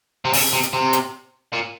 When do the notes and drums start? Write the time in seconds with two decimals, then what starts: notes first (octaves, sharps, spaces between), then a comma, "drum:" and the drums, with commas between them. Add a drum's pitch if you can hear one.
0.25 C3
0.33 C#3, drum: open hi-hat
0.53 C3
0.63 drum: hi-hat
0.73 C3
0.93 drum: hi-hat
1.53 A#2